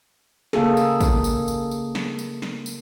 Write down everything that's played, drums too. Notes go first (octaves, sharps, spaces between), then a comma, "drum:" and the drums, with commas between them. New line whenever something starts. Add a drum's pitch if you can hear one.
C#3 A#3 G#4 A4, drum: snare
drum: tambourine
drum: kick, tambourine
drum: tambourine
drum: tambourine
drum: tambourine
drum: snare
drum: tambourine
drum: snare
drum: tambourine